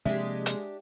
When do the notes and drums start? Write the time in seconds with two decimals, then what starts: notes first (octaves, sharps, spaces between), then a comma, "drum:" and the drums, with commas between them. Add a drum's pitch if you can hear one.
0.05 C3 F3 G#3 A#3 D4 G4 E5
0.46 drum: hi-hat